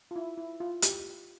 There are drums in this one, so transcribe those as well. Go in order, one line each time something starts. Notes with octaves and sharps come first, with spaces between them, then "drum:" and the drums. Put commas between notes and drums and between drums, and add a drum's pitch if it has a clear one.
F4
E4
E4
F4
G4, drum: hi-hat